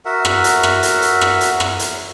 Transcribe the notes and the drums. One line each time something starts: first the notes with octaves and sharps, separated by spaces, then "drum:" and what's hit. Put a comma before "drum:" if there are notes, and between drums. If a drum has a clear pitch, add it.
F#4 A#4 E5 F#5
drum: rim click
drum: hi-hat
drum: rim click
drum: hi-hat
drum: hi-hat
drum: rim click
drum: hi-hat
drum: rim click
drum: hi-hat